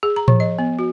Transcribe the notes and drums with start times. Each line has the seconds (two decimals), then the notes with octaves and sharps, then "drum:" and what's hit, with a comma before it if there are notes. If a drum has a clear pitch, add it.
0.03 G#4
0.16 A#5
0.28 F3, drum: tom A2
0.40 D#5
0.59 B3
0.79 F#4